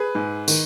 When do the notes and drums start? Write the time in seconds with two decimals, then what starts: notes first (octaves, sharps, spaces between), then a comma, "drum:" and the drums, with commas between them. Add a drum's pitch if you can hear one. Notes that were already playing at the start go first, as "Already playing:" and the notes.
Already playing: G#4 B4
0.15 G#2
0.48 D#3, drum: tambourine